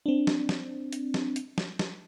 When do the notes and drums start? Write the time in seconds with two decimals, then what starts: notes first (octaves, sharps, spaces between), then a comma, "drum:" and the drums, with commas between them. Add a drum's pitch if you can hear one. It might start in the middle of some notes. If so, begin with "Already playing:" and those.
0.06 C4 D4
0.27 drum: snare
0.49 drum: snare
0.93 drum: hi-hat
1.14 drum: snare
1.36 drum: hi-hat
1.58 drum: snare
1.79 drum: snare